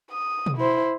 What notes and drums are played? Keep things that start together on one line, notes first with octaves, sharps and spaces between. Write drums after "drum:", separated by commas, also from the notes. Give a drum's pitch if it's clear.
D#6
drum: tom B2
E4 C5